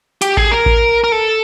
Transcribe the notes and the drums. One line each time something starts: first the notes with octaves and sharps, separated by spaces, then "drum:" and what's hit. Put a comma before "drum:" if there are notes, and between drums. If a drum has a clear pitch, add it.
G4, drum: hi-hat
G#4, drum: kick A1
A#4
drum: kick A1
A#4
A4